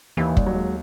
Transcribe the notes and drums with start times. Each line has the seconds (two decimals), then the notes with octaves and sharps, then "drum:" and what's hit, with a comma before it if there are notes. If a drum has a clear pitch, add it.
0.17 D#2 E3
0.37 G3, drum: kick
0.46 F#3
0.56 G#3